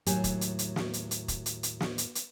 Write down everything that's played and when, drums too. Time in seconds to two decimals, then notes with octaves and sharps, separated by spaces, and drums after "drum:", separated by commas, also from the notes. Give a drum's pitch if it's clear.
0.06 D#2 A2 F#3 G4 G#5, drum: hi-hat
0.24 drum: kick, hi-hat
0.41 drum: hi-hat
0.59 drum: hi-hat
0.76 drum: snare
0.93 drum: hi-hat
1.11 drum: hi-hat
1.28 drum: kick, hi-hat
1.46 drum: hi-hat
1.63 drum: hi-hat
1.80 drum: snare
1.98 drum: hi-hat
2.15 drum: hi-hat